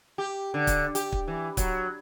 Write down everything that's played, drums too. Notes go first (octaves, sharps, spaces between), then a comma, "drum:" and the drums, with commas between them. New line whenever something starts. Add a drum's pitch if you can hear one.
G4
D3
drum: kick, hi-hat
G4, drum: hi-hat
drum: kick
E3
F#3, drum: kick, hi-hat